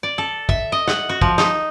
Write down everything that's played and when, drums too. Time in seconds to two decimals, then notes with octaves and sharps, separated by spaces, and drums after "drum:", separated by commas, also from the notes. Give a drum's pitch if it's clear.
0.03 D5
0.18 A4
0.49 E5, drum: kick
0.72 D#5
0.88 F#5, drum: snare
1.09 F#4
1.21 F3, drum: kick
1.38 D#4, drum: snare